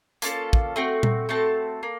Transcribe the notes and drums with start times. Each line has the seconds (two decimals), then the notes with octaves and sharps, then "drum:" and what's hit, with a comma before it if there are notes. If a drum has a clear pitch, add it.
0.22 A#3 C#4 F4 A4 A5, drum: hi-hat
0.53 drum: kick
0.76 A3 C4 F#4
1.03 drum: tom A#2
1.29 A3 C4 F#4 A5
1.83 A#3